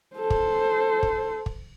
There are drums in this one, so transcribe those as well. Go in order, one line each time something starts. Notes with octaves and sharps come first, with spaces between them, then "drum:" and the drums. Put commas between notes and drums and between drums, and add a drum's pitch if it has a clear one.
A4 C5
drum: kick
drum: kick
drum: kick